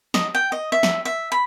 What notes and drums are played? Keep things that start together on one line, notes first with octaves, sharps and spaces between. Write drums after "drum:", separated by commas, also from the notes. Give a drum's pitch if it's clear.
D#5, drum: snare
G5
D#5
E5
drum: snare
E5
B5